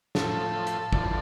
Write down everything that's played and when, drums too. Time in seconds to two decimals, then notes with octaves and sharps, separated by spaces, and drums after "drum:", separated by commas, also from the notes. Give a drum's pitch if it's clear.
0.15 A2 F3 A4, drum: snare
0.67 drum: hi-hat
0.93 E2 D3 F3, drum: kick